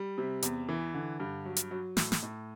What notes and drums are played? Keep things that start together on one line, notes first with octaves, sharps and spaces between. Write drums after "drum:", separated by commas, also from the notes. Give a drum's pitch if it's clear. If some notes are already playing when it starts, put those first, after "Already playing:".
Already playing: G3
C3
E2, drum: hi-hat
E3
D3
G2
F#3
drum: hi-hat
F#3
A2, drum: snare
drum: snare
A2